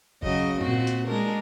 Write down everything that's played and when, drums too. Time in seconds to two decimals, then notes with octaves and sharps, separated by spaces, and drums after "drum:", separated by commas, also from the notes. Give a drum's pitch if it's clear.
0.23 C#3 F#3 D#5, drum: kick
0.61 A#2 C4 F#4, drum: tom G2
0.87 drum: hi-hat
1.08 G#3 D4 A#4